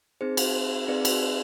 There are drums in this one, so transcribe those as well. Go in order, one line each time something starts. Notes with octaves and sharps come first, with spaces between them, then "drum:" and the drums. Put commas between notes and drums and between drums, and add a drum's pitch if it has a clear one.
C4 D#4 G#4 C5
drum: cymbal
C4 D#4 G#4 B4 D5
drum: cymbal